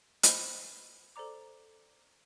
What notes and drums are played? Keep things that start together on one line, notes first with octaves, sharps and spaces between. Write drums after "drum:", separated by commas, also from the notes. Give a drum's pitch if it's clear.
B4 C5 D#5 B5 G6, drum: hi-hat
A4 C5 D5 A#5 D6